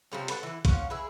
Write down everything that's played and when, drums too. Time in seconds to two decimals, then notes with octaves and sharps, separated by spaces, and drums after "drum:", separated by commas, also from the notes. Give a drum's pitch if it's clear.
0.12 C3 F3 G3 C#4
0.28 A4 B4 C#5 F#5, drum: hi-hat
0.43 E3 E4
0.65 F3 C#4 D#5 F#5, drum: kick A#1, hi-hat
0.90 E4 G#4 B4